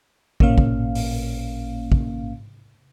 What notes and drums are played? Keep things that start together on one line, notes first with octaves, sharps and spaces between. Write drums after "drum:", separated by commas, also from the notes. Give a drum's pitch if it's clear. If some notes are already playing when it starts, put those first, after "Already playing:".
A1 A#2 A#3 C#4 F5, drum: kick
drum: kick
drum: open hi-hat
drum: kick